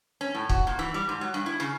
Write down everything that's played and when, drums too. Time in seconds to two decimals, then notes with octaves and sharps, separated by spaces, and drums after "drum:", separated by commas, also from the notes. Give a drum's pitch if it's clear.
0.21 C#4
0.35 A2
0.49 F#4, drum: kick
0.67 A#2
0.79 E3
0.94 G3
1.09 G#2
1.21 F#3
1.34 G2
1.46 E4
1.60 C#3